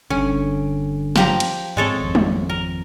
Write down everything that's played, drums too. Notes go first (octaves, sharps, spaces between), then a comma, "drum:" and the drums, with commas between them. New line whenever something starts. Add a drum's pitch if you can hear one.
G1 G2 D3 C#4
F3 G4 A#5, drum: snare
drum: cymbal
G#2 G#3 C4 A4 C#5
G#1 F2
drum: tom
A#4